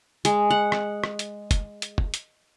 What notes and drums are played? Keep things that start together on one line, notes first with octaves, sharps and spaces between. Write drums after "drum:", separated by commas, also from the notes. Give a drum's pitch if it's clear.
G#3, drum: hi-hat
F#5
drum: rim click
drum: rim click
drum: hi-hat
drum: kick, hi-hat
drum: hi-hat
drum: kick
drum: hi-hat